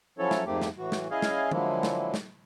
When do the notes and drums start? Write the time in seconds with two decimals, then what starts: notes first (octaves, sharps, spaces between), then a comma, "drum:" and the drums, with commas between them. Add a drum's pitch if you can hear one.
0.18 F3 F#3 C#4 E4 A4 C#5
0.31 drum: snare
0.46 F2 G#2 A3 A#3 C4 G4
0.62 drum: snare
0.78 A2 E3 F#4
0.92 drum: snare
1.11 C#4 E4 G#4 D#5 F5 G#5
1.22 drum: snare
1.51 D3 F3 F#3 G#3 A#3 E4, drum: tom D3
1.83 drum: snare
2.14 drum: snare